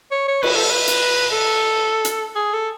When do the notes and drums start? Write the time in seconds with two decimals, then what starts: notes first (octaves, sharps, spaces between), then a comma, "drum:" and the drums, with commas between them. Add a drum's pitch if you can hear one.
0.11 C#5
0.28 C#5
0.43 B4, drum: cymbal
0.56 A4
0.71 B4
0.88 drum: hi-hat
1.32 A4
2.05 drum: hi-hat
2.36 G#4
2.53 A4